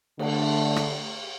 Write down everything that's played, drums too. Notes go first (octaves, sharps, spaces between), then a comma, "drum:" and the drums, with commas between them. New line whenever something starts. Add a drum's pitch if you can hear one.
D3 A3, drum: cymbal
drum: rim click